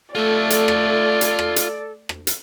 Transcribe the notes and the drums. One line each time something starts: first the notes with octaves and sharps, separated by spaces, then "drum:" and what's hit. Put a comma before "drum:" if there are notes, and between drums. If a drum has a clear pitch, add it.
A3 F4 A4 D5 E5
drum: hi-hat
drum: rim click
drum: hi-hat
drum: rim click
drum: hi-hat
drum: rim click
drum: hi-hat